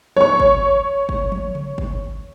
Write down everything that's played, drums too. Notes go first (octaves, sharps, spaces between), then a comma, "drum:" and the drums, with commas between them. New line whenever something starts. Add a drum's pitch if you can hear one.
C#5 C#6, drum: tom F3
drum: kick G1
drum: kick G1
drum: tom F3
drum: tom C#3
drum: kick G1